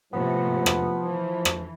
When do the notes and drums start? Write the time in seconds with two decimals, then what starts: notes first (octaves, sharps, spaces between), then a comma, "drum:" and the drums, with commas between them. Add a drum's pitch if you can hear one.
0.13 A2 C3 F3 A3 B3
0.66 drum: rim click
1.02 E3
1.45 drum: rim click